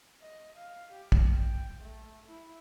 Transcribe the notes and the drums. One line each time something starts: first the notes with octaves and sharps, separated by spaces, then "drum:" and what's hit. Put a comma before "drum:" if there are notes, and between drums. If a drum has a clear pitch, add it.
D#5
F5
G4
drum: kick
G5
A3
E4